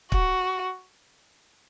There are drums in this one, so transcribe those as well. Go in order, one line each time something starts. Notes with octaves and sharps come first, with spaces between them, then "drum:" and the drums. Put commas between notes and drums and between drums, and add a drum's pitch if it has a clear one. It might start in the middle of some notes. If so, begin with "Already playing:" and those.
F#4, drum: kick